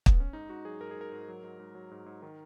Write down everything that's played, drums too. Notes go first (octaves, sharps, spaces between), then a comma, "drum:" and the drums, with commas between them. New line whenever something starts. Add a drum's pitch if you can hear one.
B3, drum: kick
C#4
G#2 D#4
G#2 F#4
F#3 G#4
G#2 A#4
G#4
G#2 A#4
G#2
F#3
G#2
G#2
F#3
G#2
G#2
D#3